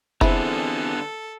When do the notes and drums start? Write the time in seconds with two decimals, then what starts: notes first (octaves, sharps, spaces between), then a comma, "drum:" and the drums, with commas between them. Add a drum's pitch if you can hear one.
0.21 D3 E3 B3 C4 E4 G#4 A4, drum: kick F1